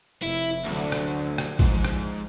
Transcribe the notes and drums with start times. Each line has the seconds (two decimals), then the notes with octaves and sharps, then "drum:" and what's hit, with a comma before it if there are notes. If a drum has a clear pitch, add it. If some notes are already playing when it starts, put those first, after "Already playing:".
0.23 F1 E4
0.65 D2 D3 F#3
0.92 drum: rim click
1.38 drum: rim click
1.59 G#2 F3, drum: kick
1.84 drum: rim click